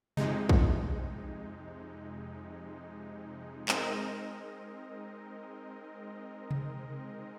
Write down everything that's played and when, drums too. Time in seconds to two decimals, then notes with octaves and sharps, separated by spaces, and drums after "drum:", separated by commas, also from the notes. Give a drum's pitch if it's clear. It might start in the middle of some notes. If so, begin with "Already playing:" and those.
0.17 F2 C3 G#3 D#4, drum: tom C3
0.49 drum: kick A#1
3.68 G#3 C4 D#4 A#4 D#5, drum: clap
6.51 drum: tom C3